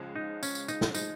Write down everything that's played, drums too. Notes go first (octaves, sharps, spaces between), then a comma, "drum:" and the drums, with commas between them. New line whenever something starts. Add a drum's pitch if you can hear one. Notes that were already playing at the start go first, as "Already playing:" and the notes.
Already playing: C#2 C#3 F3 G#3
D#4
C#4, drum: tambourine
drum: tambourine
D#4, drum: tambourine
drum: snare
F3 G#3 D#4, drum: tambourine